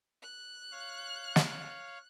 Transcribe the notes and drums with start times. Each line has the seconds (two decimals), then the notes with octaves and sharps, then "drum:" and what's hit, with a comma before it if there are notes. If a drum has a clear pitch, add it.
0.22 F#6
0.72 C#5 F5
1.36 drum: snare